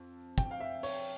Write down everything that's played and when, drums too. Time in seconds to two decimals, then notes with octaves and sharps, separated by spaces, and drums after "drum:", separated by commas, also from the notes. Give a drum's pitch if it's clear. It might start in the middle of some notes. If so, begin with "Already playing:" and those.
Already playing: F2
0.38 G5, drum: kick, hi-hat
0.51 F5
0.61 E5
0.83 C#5, drum: open hi-hat